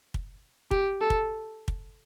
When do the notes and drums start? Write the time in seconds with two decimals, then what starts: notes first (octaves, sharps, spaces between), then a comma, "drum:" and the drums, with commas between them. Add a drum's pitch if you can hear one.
0.14 drum: kick
0.71 G4, drum: kick
1.01 A4
1.10 drum: kick
1.68 drum: kick